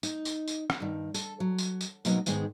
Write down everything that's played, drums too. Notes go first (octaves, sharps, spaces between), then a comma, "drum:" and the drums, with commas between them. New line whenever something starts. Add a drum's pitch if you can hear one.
D#4, drum: tambourine
drum: tambourine
drum: tambourine
drum: rim click
G2 D#3
A4, drum: tambourine
F#3
drum: tambourine
drum: tambourine
G#2 B2 F#3 A#3 B3 D#5, drum: tambourine
G#2 D#3 G#3 B3 D#4, drum: tambourine